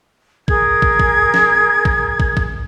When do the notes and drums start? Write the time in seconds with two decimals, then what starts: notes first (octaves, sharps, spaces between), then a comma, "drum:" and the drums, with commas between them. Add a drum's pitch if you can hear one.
0.48 G#4 A#4 G#6, drum: kick
0.82 drum: kick
0.99 drum: kick
1.34 drum: snare
1.85 drum: kick
2.20 drum: kick
2.37 drum: kick